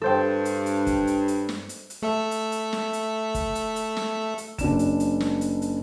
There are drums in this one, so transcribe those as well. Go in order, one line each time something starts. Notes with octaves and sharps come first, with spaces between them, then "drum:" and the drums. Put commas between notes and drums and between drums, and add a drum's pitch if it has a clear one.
G2 A4 C5 G5
drum: hi-hat
drum: hi-hat
drum: kick, hi-hat
drum: hi-hat
drum: hi-hat
drum: snare
drum: hi-hat
drum: hi-hat
A3 A4 E5
drum: hi-hat
drum: hi-hat
drum: snare
drum: hi-hat
drum: kick, hi-hat
drum: hi-hat
drum: hi-hat
drum: snare
drum: hi-hat
F#1 D4 E7, drum: kick, hi-hat
drum: hi-hat
drum: hi-hat
drum: snare
drum: hi-hat
drum: hi-hat